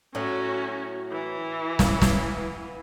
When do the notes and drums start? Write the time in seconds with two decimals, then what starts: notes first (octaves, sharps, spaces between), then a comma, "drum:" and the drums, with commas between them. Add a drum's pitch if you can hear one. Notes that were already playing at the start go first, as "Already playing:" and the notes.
0.15 A2 F#3 C#4 F#4
1.12 E3
1.79 B3 F5, drum: snare
2.02 drum: snare